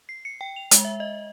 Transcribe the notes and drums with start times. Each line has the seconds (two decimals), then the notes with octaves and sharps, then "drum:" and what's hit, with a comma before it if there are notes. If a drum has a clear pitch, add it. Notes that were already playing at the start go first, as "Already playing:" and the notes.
0.09 C7
0.25 C#7
0.41 G5
0.56 F7
0.71 G#3, drum: hi-hat
0.85 E5
1.00 D#5